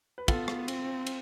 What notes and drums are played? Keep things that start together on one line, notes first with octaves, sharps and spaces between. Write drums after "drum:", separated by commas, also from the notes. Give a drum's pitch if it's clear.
B4
B3 F4 A4, drum: kick, cymbal
drum: rim click
C4, drum: cymbal
drum: cymbal